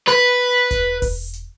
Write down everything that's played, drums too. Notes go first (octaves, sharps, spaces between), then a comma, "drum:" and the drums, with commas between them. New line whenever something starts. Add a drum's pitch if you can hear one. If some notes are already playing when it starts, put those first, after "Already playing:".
B4, drum: hi-hat
drum: kick E1, hi-hat
drum: kick E1, open hi-hat
drum: hi-hat